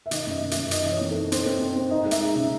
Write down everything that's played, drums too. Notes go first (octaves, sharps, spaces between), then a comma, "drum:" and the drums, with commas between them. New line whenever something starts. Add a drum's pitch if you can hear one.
E5
D#3 D#5, drum: hi-hat
F#2 D#5
F#2
E5, drum: hi-hat
F#2
D#4 D#5, drum: hi-hat
E3 D#5
C#5
C4
A4
D#4
C4 C5, drum: hi-hat
C4
C4
C4
D#4 D#5
G#3
E5, drum: hi-hat
D#4
C#3